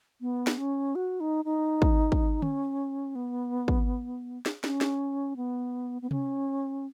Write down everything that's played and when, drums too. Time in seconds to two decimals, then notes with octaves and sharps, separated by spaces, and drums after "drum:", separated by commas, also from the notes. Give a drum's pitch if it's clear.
0.21 B3
0.47 drum: snare
0.58 C#4
0.95 F#4
1.20 D#4
1.45 D#4
1.82 drum: kick
2.12 drum: kick
2.42 C#4, drum: tom D3
3.15 B3
3.68 drum: kick
4.46 drum: snare
4.64 C#4, drum: snare
4.81 drum: snare
5.37 B3
6.02 B3
6.11 C#4, drum: tom C3